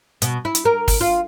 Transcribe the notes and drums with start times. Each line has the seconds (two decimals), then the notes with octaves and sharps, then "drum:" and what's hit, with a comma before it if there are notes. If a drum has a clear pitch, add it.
0.22 B2, drum: hi-hat
0.45 E4
0.55 drum: hi-hat
0.65 A#4
0.88 drum: kick, open hi-hat
1.01 F4